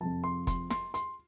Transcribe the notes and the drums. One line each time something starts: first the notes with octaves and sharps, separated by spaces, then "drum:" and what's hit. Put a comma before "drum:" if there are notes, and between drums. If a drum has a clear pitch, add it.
F2 C3 F3 A5
C6
C6, drum: kick F#1, hi-hat
C6, drum: snare
C6, drum: hi-hat